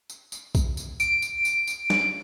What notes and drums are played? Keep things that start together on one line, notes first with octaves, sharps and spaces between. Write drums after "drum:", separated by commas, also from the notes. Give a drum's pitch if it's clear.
drum: tambourine
drum: tambourine
drum: kick, tambourine
drum: tambourine
D7, drum: tambourine
drum: tambourine
drum: tambourine
drum: tambourine
drum: snare